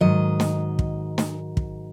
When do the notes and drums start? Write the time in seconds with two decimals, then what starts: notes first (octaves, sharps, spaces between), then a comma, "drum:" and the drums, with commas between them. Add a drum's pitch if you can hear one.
0.01 G#2 D#3 F#3 D#5
0.40 drum: snare
0.79 drum: kick
1.18 drum: snare
1.57 drum: kick